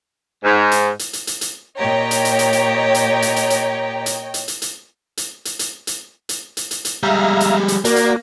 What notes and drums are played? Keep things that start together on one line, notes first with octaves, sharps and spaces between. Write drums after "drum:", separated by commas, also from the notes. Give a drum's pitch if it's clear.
G#2
drum: hi-hat
drum: hi-hat
drum: hi-hat
drum: hi-hat
drum: hi-hat
A#2 G4 C#5 D#5 G5 A#5
drum: hi-hat
drum: hi-hat
drum: hi-hat
drum: hi-hat
drum: hi-hat
drum: hi-hat
drum: hi-hat
drum: hi-hat
drum: hi-hat
drum: hi-hat
drum: hi-hat
drum: hi-hat
drum: hi-hat
drum: hi-hat
drum: hi-hat
drum: hi-hat
drum: hi-hat
drum: hi-hat
drum: hi-hat
drum: hi-hat
G3 G#3 E5 F5 A#5
drum: hi-hat
drum: hi-hat
A#3 F#4 A#4 D5, drum: hi-hat
drum: hi-hat